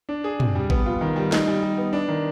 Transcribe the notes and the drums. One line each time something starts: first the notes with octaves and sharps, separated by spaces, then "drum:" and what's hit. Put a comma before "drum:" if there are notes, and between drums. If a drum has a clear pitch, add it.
D4
G#4
C3, drum: tom
G3
B3, drum: kick A1
F4
D#3
G3
D#4, drum: snare
G3
G3
B3
D4
D#3